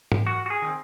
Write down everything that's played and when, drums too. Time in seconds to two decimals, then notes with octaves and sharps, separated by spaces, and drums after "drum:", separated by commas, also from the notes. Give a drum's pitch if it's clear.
0.12 drum: tom
0.27 F#2 F#4
0.46 F#4
0.50 G#4
0.62 D#3 F#3 C4